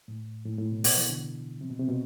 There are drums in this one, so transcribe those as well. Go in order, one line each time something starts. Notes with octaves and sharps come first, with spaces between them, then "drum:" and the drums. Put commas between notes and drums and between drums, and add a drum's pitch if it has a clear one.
A2
A2
A2
B2
B2, drum: open hi-hat
E3
D3
C3
B2
C3
B2